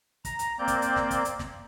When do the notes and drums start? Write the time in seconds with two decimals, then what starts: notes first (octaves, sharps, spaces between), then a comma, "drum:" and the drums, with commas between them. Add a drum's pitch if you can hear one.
0.25 A#5, drum: kick, hi-hat
0.39 drum: hi-hat
0.59 A#3 C4 D5 G6
0.68 drum: kick, hi-hat
0.82 drum: hi-hat
0.96 drum: snare
1.11 drum: kick, hi-hat
1.25 drum: hi-hat
1.39 drum: snare